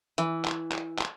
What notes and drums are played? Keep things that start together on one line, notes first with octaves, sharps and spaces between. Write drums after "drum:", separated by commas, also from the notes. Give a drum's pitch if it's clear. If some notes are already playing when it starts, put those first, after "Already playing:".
E3, drum: hi-hat
drum: clap
drum: clap
drum: clap